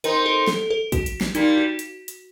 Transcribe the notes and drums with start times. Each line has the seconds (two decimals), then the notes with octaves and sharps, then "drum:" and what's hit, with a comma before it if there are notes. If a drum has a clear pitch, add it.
0.04 C4 D#4 A#4, drum: hi-hat
0.26 A4
0.47 A4, drum: snare
0.70 A4
0.92 F#4, drum: kick, hi-hat
1.06 drum: hi-hat
1.21 drum: snare
1.35 G3 A#3 D#4, drum: hi-hat
1.57 F#4
1.79 drum: hi-hat
2.08 drum: hi-hat